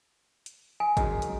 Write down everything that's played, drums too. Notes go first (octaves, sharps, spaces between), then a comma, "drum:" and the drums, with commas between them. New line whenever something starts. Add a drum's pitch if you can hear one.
drum: hi-hat
G#5
F#2 G#3 D#4, drum: kick, hi-hat
drum: hi-hat